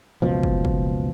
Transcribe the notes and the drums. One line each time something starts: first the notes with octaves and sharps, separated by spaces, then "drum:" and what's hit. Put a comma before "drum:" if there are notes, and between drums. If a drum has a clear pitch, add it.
F#1 C#2 B2 F3
drum: kick
drum: kick